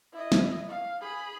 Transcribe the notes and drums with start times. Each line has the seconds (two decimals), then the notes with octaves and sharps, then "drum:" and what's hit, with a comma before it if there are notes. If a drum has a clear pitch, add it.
0.13 E4 D#5
0.32 drum: snare
0.69 F5
1.01 G#4 B5